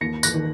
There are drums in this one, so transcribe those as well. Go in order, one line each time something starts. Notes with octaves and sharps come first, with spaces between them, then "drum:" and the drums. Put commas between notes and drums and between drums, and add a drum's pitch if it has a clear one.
D#2 A#6 C#7
F#6 A#6, drum: tambourine
D#3